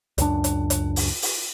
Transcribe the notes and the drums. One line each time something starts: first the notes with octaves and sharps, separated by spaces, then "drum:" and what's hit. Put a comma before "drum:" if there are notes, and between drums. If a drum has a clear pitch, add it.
C#2 F#2 D4, drum: hi-hat
drum: hi-hat
drum: hi-hat
drum: open hi-hat
drum: open hi-hat